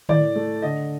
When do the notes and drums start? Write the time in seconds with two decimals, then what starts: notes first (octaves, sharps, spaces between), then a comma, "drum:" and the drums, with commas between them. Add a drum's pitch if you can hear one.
0.09 A2 D5, drum: tom D3
0.36 A3
0.62 D3 D#5